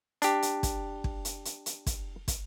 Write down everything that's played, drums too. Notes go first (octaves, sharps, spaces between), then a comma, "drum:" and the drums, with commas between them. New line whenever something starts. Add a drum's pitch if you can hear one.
D4 G4, drum: hi-hat
drum: hi-hat
drum: kick, hi-hat
drum: kick
drum: hi-hat
drum: hi-hat
drum: hi-hat
drum: kick, hi-hat
drum: kick, hi-hat